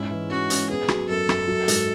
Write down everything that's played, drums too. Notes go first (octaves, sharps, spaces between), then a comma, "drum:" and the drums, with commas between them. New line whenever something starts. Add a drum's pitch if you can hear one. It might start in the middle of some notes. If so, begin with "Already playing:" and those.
Already playing: G#2 C#4 E4
E3
C#4 F#4
C#4, drum: hi-hat
B3 G#4
F#3, drum: rim click
F#2 A4
F#2, drum: rim click
F#3
G#2, drum: hi-hat